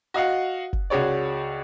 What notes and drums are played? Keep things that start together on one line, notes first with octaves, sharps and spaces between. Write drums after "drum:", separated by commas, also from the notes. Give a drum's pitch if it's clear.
F#4 D#5 F5 F#5
drum: kick F#1
C#2 F#4 G#4 C#5 D5